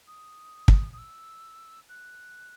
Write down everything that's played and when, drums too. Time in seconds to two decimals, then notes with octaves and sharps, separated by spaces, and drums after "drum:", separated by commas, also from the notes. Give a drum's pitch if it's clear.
0.07 D#6
0.68 drum: kick
0.93 D#6
0.98 E6
1.89 F#6